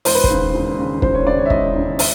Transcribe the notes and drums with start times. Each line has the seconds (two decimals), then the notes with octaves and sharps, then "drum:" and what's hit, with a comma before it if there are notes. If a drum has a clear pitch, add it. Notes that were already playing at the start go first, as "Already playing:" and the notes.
0.05 E1 C5, drum: open hi-hat
0.15 B4
0.24 C5, drum: kick
0.30 D#2 C#3
0.54 E1
0.78 D#2 C#3
1.02 E1 C5, drum: kick
1.14 C#5
1.26 D#2 C#3 D5
1.39 C#5
1.46 E5
1.50 E1 D#5, drum: kick
1.74 D#2 C#3
1.99 E5, drum: open hi-hat